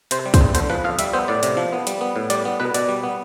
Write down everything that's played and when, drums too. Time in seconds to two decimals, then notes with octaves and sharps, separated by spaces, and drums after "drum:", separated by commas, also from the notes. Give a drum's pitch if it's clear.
0.11 C3 C5, drum: hi-hat
0.26 G3
0.34 C5, drum: kick, hi-hat
0.41 E2
0.55 D3 C5, drum: hi-hat
0.70 F3 B4
0.84 F2 F5
0.99 G3 E5, drum: hi-hat
1.13 B3 C5
1.28 A2 D5
1.43 C3, drum: hi-hat
1.57 F3
1.73 B3
1.87 G3, drum: hi-hat
2.01 B3
2.16 A2
2.30 G3 D5, drum: hi-hat
2.45 B3
2.60 B2 B4
2.74 B2 D5, drum: hi-hat
2.89 G3
3.03 B3